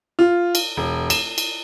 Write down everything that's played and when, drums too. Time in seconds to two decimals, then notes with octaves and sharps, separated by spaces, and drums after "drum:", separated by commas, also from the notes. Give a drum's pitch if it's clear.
0.19 F4
0.55 drum: cymbal
0.77 E1
1.10 E7, drum: cymbal
1.38 drum: cymbal